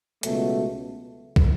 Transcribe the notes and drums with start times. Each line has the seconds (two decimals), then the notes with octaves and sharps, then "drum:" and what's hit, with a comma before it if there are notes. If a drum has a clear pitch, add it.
0.23 C#2 B2 F#3 A3, drum: hi-hat
1.36 drum: kick